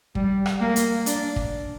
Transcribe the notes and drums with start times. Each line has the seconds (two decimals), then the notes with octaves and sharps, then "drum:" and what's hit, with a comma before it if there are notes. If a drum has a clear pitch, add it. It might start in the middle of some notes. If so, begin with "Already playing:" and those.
0.15 G3, drum: kick
0.46 drum: rim click
0.61 A#3
0.76 drum: hi-hat
1.06 D4, drum: hi-hat
1.36 drum: kick